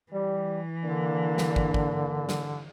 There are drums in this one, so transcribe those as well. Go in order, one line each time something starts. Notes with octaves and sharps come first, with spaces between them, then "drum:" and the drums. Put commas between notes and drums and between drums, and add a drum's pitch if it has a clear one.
E3 G3
D3 A#3 D4
drum: snare
drum: kick
drum: kick
drum: snare